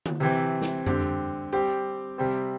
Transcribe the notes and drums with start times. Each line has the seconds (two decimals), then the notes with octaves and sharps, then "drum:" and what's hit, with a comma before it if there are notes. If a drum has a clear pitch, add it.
0.06 drum: tom
0.20 C3 E3 C4
0.62 drum: snare
0.86 D3 C4 G4, drum: tom
1.52 G3 C4 G4
2.18 C3 G3 C4